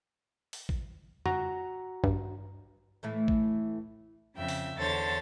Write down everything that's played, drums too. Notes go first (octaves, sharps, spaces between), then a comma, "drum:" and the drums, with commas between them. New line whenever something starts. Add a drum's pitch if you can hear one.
drum: open hi-hat
drum: kick A1
F#4 A#5, drum: tom F2
G2, drum: kick A1
A2 E3 A3
drum: kick A1
F2 C#3 E5 G5
drum: open hi-hat
E2 D3 A4 C5 C#5 A6